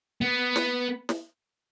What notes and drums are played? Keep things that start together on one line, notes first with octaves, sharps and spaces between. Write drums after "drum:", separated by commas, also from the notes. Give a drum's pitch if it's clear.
B3
drum: snare
drum: snare